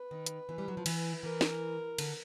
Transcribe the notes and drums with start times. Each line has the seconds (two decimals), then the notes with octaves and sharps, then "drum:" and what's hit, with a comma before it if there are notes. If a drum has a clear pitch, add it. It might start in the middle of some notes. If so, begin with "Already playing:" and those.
Already playing: B4
0.11 D#3
0.26 drum: hi-hat
0.49 E3
0.58 G3
0.68 F#3
0.77 F3
0.86 E3, drum: cymbal
1.23 E3 A#4
1.41 drum: snare
1.98 D3, drum: cymbal